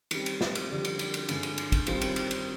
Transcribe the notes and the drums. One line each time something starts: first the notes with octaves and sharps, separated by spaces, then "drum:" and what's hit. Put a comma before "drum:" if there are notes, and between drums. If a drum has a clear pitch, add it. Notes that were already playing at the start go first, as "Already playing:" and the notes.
D#3 G3 C4, drum: cymbal
drum: cymbal
drum: snare
drum: cymbal
F2 D3 G3 D4 G4
drum: cymbal
drum: cymbal
drum: cymbal
G2 D3 G#3, drum: cymbal
drum: cymbal
drum: cymbal
drum: kick, cymbal
D#3 G3 C4 F4 C5, drum: cymbal
drum: cymbal
drum: cymbal
drum: cymbal